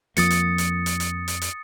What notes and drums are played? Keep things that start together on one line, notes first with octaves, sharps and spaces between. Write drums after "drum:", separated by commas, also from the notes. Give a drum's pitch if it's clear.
F2 F3 A#3 D#6 A6 C#7, drum: hi-hat
drum: hi-hat
drum: hi-hat
drum: hi-hat
drum: hi-hat
drum: hi-hat
drum: hi-hat